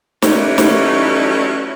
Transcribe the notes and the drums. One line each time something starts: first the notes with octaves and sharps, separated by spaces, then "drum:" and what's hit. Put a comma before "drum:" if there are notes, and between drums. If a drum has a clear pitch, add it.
E3 F#3 G3 A3 C#4 D#4, drum: snare
drum: snare